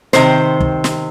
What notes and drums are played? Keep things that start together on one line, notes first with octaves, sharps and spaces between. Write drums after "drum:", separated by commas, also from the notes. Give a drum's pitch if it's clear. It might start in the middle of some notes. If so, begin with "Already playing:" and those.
C3 D#3 C5, drum: snare
drum: kick
drum: snare